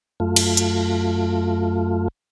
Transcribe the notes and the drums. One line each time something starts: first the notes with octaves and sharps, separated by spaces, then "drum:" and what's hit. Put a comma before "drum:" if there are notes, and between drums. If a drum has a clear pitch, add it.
F#2 A3 F4
drum: cymbal
drum: hi-hat